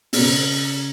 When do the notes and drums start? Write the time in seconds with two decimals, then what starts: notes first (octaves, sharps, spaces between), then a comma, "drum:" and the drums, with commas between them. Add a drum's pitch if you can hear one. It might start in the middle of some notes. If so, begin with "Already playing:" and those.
0.13 B2, drum: open hi-hat
0.19 C#3